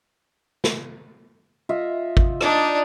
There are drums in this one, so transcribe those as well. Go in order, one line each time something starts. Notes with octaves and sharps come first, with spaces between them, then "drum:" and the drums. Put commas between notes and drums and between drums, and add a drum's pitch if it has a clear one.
drum: snare
F4 D#5 E5
drum: kick G#1
D4 D#4 D5, drum: rim click